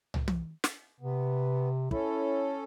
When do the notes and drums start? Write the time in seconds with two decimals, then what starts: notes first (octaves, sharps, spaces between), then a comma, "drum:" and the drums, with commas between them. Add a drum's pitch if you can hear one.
0.14 drum: tom
0.28 drum: tom
0.64 drum: snare
1.01 C3 B3
1.91 C#4 E4 A4, drum: kick